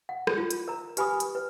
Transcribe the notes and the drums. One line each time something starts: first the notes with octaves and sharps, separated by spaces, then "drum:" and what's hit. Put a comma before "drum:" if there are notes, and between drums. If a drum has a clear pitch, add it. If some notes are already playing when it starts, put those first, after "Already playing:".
F#5
drum: rim click
F4
drum: hi-hat
A#4 A#5
G4 B4 G#5 B5 D6 D#6, drum: hi-hat
drum: hi-hat
B4